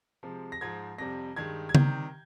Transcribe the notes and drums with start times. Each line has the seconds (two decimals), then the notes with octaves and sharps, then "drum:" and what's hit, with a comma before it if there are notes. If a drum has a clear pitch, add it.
0.23 C3 F3 G#3
0.52 A#6
0.61 G#2 F3 G#3 G#6
0.98 F2 C3 G3 A#6
1.36 G2 D#3 G#3 G#6
1.69 G#6
1.75 C3 D#3 G3 G6, drum: tom C#3